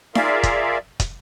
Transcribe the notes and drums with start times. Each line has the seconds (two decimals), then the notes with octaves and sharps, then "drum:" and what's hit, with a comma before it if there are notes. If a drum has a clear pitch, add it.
0.15 F4 G#4 A#4 D5 E5 F5, drum: snare D#4
0.43 drum: kick, hi-hat
1.00 drum: kick, hi-hat